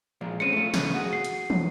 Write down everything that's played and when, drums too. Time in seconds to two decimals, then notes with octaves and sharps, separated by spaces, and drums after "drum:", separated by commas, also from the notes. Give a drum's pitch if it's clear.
0.21 A#2 F3 G#3
0.40 G#3 C4 C#4 C#7 D#7
0.52 A3 F4
0.74 A2 C#3, drum: snare
0.94 F#4 G#4 F#5
1.13 C7
1.25 drum: hi-hat
1.50 drum: tom